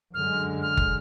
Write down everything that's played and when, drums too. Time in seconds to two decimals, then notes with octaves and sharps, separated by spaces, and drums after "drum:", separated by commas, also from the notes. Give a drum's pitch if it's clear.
0.14 F#2 D3 G#3 F6
0.62 F6
0.77 drum: kick F#1